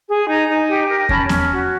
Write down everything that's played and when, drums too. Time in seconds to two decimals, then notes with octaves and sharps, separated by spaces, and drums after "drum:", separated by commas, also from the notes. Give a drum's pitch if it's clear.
0.08 G#4
0.28 D#4 G#5 A#5
0.48 D#4
0.69 G4
0.89 A#4
1.09 C#4 A5 B5, drum: kick E2
1.29 C#4, drum: snare B3
1.50 F#4